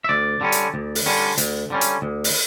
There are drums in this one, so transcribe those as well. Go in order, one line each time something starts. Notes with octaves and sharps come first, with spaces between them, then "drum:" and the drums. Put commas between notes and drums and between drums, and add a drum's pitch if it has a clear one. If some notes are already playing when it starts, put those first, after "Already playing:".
E5
D2 D5
D3 G3 C#4
drum: hi-hat
D2
drum: open hi-hat
D3 G3 C#4
D2, drum: hi-hat
D3 G3 C#4
drum: hi-hat
D2
drum: open hi-hat